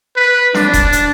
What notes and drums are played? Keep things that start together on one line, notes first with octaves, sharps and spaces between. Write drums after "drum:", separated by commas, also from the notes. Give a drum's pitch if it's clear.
B4
D4, drum: snare
drum: kick D#1, hi-hat
drum: hi-hat